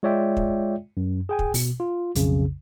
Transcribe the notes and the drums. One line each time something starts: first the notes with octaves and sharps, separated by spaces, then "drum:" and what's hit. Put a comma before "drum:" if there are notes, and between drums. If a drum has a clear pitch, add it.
G#3 F4 C#5 D5 E5 G5
drum: kick
F#2
G#4 G5 G#5
drum: kick
B2, drum: open hi-hat
F4
B1 F2 C#3, drum: hi-hat